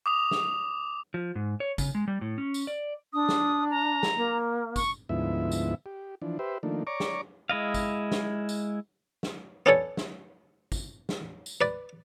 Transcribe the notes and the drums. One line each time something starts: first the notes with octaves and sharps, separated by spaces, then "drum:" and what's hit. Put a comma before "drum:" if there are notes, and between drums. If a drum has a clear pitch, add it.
D6 D#6 F7
drum: snare
F3
G#2
C#5
C#3, drum: kick, tambourine
G#3
G3
A2
C#4
drum: tambourine
D5
D4 D#6
drum: snare
A#5
drum: snare
A#3
C#6, drum: kick, tambourine
D2 G#2 F3 B3 E4 E5
drum: tambourine
G4
E3 F3 D4
G4 B4 C5 E5
D#3 F3 A3 A#3 D4
C#5 D5 A#5 C#6 D6
drum: snare
G#3 E4 D#5 F5
drum: kick, tambourine
drum: snare
drum: tambourine
drum: snare
B3 C#4 D4 A4 C#5
drum: snare
drum: kick, tambourine
drum: snare
drum: tambourine
B4 D5